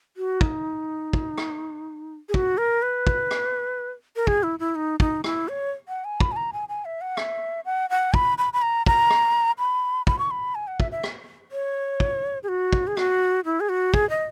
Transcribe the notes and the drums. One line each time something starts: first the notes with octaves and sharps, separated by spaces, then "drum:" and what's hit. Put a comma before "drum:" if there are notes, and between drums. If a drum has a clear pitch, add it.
F#4
D#4, drum: kick
drum: kick
drum: rim click
G#4
F#4, drum: kick
A#4
B4
drum: kick
drum: rim click
A#4
G#4, drum: kick
E4
E4
D#4
D#4, drum: kick
E4, drum: rim click
C#5
F#5
G#5
B5, drum: kick
G#5
A#5
G#5
G#5
E5
F#5
E5, drum: rim click
F#5
F#5
B5, drum: kick
B5
B5
A#5
A#5, drum: kick
drum: rim click
B5
B5, drum: kick
C#6
B5
G#5
F#5
E5, drum: kick
E5
drum: rim click
C#5
drum: kick
G#4
F#4
drum: kick
G#4
F#4, drum: rim click
E4
G#4
F#4
G#4, drum: kick
D#5